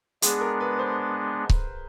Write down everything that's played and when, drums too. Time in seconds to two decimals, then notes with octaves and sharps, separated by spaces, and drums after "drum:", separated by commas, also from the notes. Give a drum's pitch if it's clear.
0.22 G#3 B3 D4 G#4, drum: hi-hat
0.41 A#4
0.60 B4
0.79 C5
1.50 drum: kick C#1